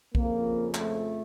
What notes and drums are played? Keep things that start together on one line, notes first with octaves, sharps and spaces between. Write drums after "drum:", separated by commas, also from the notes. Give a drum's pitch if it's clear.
F2 C#3 F3 A#3, drum: kick
A3, drum: clap